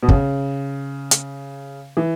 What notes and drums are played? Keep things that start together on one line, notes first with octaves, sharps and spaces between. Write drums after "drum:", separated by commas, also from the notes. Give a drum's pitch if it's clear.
B2
C#3, drum: kick
drum: hi-hat
E3